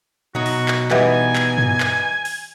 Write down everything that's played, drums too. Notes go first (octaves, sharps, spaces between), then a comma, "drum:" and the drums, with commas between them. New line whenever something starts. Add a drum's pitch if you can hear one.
B2 F#3 D#4 F#4
drum: open hi-hat
drum: clap
E3 G3 B3 D#4 D#5 G#5, drum: clap
drum: clap
drum: tom
drum: clap
drum: open hi-hat